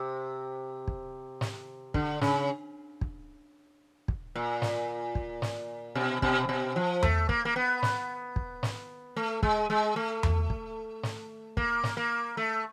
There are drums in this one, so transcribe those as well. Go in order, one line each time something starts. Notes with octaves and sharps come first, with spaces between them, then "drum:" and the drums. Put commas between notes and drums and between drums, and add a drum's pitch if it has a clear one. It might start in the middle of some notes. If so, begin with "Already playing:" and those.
Already playing: C3
drum: kick
drum: snare
D3, drum: kick
C#3, drum: snare
drum: kick
drum: kick
A#2
drum: snare
drum: kick
drum: snare
B2
B2, drum: kick
B2
F3
A3, drum: tom E2
A#3, drum: kick
A#3
B3
drum: snare
drum: kick
drum: snare
A3
G#3, drum: kick
G#3
A3
drum: tom E2
drum: kick
drum: snare
A#3, drum: kick
drum: snare
A#3
A3